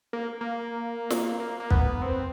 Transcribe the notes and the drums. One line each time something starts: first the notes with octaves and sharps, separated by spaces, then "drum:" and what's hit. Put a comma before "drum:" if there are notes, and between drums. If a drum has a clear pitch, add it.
A#3
A#3
drum: snare
A#3
A#3
B3, drum: kick
C4